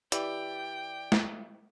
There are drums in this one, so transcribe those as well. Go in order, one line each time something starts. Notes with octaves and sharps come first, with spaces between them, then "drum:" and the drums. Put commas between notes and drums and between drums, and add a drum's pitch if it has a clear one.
E3 G4 D5 G5, drum: hi-hat
drum: snare